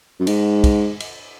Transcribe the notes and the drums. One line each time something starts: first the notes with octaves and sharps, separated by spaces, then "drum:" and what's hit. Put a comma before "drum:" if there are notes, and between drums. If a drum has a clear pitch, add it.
F#2
G#2, drum: cymbal
drum: kick, cymbal
drum: cymbal